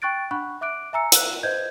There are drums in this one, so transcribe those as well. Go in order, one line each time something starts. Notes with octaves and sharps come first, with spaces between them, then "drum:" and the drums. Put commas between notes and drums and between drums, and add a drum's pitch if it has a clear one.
G5 C#6 F#6 A6 D7
D4 F#5 B5 C#6 F#6
E5 D6 F#6 D7
E5 G#5 A#5 E6 C#7
E6 F#6, drum: hi-hat
B4 C5 D#5 G6 G#6